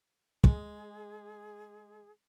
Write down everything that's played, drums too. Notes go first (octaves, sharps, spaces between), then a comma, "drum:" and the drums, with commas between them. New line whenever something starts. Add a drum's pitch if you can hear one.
G#3 G#4, drum: kick